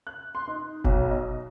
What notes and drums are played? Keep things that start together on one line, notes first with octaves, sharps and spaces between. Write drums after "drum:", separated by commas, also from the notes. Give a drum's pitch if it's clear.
F#6
C6
D#4
B1, drum: kick F1
D#5